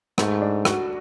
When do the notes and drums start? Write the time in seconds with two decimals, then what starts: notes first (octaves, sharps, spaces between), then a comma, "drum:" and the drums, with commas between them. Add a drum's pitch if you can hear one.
0.18 G#2 A3, drum: rim click
0.42 D4
0.65 F#4, drum: rim click